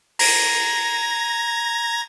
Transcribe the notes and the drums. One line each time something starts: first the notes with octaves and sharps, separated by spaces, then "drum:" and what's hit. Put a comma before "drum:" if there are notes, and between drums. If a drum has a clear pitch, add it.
A#5 G#6 A#6, drum: open hi-hat